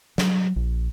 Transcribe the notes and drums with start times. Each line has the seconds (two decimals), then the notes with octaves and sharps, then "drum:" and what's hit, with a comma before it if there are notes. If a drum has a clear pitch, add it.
0.18 F#3, drum: snare
0.56 A#1